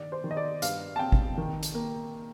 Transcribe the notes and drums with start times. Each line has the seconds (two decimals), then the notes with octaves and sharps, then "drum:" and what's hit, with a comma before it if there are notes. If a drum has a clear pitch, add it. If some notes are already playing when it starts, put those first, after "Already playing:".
Already playing: G2 D#3 D5
0.12 C5
0.24 D#3
0.31 D#5
0.37 D5
0.62 G2 F5, drum: hi-hat
0.96 A5
0.99 C4 G5
1.12 drum: kick
1.37 D#3
1.63 drum: hi-hat
1.75 A#3